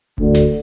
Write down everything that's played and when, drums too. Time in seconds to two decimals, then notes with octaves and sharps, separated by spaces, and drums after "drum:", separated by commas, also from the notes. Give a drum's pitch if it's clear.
0.18 D2 D3, drum: kick D#1
0.34 drum: snare